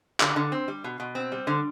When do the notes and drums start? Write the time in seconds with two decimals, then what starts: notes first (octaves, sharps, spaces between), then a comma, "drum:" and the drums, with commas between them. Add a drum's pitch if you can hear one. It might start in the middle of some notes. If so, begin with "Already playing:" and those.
0.20 D3, drum: clap
0.36 D3
0.52 C4
0.68 G3
0.84 B2
1.00 B2
1.15 C4
1.32 G3
1.47 D3